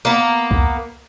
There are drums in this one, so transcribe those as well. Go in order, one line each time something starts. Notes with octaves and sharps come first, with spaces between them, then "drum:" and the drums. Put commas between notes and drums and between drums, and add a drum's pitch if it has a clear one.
A#3 B3
drum: kick